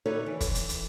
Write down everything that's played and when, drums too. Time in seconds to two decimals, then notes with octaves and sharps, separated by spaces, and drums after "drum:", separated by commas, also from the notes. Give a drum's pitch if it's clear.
0.06 D#4 A4 B4 C#5 D5 E5
0.26 E3
0.41 drum: kick, hi-hat
0.55 drum: hi-hat
0.69 drum: hi-hat